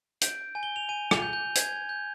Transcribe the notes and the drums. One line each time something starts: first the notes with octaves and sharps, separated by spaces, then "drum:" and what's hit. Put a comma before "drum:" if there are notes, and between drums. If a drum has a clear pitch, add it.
G6 D7, drum: hi-hat
G#5
G7
F7
G#5 D#7
F7, drum: rim click
G6
G6
G6 G#6, drum: hi-hat
G6